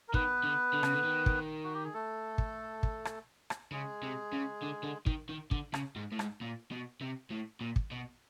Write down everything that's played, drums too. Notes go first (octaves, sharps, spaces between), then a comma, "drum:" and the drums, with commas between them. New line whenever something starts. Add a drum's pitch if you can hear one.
A#4
D#3 B3 B4, drum: kick
D3
D3
C#3, drum: rim click
D3
D#3
drum: kick
F#4
G4
G#4
A3 A4
drum: kick
drum: kick
drum: rim click
drum: rim click
C#3 G#3 G#4
C3
C#3
D3
D3
D#3, drum: kick
D#3
D3, drum: kick
C#3, drum: rim click
G#2
A2
G#2, drum: rim click
A#2
B2
C3
A2
A#2
drum: kick
B2